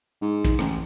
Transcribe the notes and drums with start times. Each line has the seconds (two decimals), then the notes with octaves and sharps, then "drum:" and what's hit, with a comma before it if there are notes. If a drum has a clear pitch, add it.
0.22 G#2
0.45 drum: kick A#1, hi-hat
0.59 A1, drum: rim click